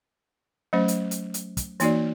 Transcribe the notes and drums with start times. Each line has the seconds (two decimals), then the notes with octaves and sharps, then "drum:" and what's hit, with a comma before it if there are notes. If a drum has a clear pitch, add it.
0.73 F#3 A3 C#4 C5
0.88 drum: hi-hat
1.11 drum: hi-hat
1.34 drum: hi-hat
1.57 drum: kick, hi-hat
1.80 E3 A#3 D#4 F#4 D5, drum: hi-hat